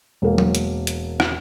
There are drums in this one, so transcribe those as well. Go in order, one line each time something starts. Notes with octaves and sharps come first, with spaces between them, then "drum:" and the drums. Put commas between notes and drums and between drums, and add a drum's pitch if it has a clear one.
E1 A#3
drum: tom F#3
drum: hi-hat
drum: hi-hat
drum: rim click